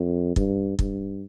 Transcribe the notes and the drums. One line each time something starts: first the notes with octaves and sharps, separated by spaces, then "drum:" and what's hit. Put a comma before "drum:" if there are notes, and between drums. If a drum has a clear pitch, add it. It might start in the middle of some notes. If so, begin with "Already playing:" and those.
Already playing: F2
G2, drum: kick
G2, drum: kick